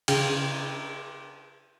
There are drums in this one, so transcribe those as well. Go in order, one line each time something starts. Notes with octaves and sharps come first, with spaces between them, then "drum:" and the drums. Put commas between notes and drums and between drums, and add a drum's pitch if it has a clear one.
C#3 F5 G5, drum: cymbal